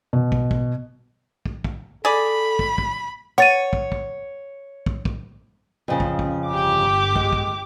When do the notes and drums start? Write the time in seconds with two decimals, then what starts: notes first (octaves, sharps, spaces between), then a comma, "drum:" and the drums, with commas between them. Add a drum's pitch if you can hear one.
0.13 B2
0.32 drum: kick
0.51 drum: kick
1.46 drum: kick
1.64 drum: kick
2.05 G#4 A4 D5 B5
2.59 drum: kick
2.78 drum: kick
3.38 C#5 F#5 A6 D#7
3.73 drum: kick
3.92 drum: kick
4.86 drum: kick
5.05 drum: kick
5.88 F2 C#3 C#4
6.00 drum: kick
6.19 drum: kick
6.48 G1 G4 D6
7.16 G#3, drum: kick
7.33 drum: kick